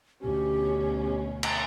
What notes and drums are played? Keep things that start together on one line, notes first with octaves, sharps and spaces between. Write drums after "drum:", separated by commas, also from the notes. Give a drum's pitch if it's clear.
D2 B2 C#4 G4
drum: cymbal